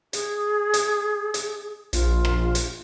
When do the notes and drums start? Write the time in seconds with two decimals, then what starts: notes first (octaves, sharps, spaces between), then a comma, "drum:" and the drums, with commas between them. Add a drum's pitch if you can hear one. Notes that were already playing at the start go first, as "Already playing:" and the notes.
0.13 G#4, drum: hi-hat
0.74 drum: hi-hat
1.34 drum: hi-hat
1.93 A#1 F4, drum: hi-hat
2.25 drum: rim click
2.55 drum: hi-hat